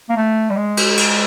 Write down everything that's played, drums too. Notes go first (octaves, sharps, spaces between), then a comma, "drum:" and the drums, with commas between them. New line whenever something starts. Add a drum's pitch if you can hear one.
A#3
A3
G3
G#3
drum: cymbal
drum: cymbal